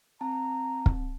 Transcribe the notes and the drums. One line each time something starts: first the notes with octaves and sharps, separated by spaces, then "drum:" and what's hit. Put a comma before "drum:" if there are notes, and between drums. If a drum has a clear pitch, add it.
C4 A5 A#5
drum: kick